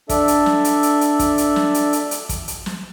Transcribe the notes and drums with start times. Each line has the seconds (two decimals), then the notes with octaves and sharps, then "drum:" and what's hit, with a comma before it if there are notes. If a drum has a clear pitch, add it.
0.10 D4 A4 D5 E5, drum: kick, hi-hat
0.28 drum: hi-hat
0.46 drum: snare
0.64 drum: hi-hat
0.83 drum: hi-hat
1.01 drum: hi-hat
1.19 drum: kick, hi-hat
1.38 drum: hi-hat
1.56 drum: snare
1.74 drum: hi-hat
1.93 drum: hi-hat
2.11 drum: hi-hat
2.29 drum: kick, hi-hat
2.48 drum: hi-hat
2.66 drum: snare